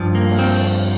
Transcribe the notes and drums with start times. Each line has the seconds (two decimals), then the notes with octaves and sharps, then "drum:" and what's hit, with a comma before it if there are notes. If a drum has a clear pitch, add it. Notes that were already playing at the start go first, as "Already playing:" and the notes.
Already playing: G2 F3
0.15 A#3
0.29 drum: cymbal
0.39 C4